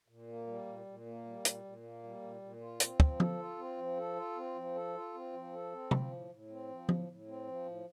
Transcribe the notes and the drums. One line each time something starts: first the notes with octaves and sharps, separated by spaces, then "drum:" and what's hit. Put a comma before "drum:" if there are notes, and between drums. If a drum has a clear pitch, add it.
A#2
A#3
G3
A#2
A#2
A#3
G3
A#2, drum: hi-hat
A#2
A#3
G3
A#2
A#2
F4
C4, drum: hi-hat
F3, drum: kick
A4, drum: tom F3
F4
C4
F3
A4
F4
C4
F3
A4
F4
C4
F3
A4
C4
F3, drum: tom
A2
A2
C4
F3
A2, drum: tom F3
A2
C4
F3
A2